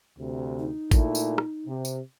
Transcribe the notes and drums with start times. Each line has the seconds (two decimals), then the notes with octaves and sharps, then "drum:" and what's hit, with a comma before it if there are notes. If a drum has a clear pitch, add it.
0.18 D2 C3
0.59 D#4
0.91 A#2 A3 E4, drum: kick, tambourine
1.15 drum: tambourine
1.38 drum: rim click
1.66 C3
1.85 drum: tambourine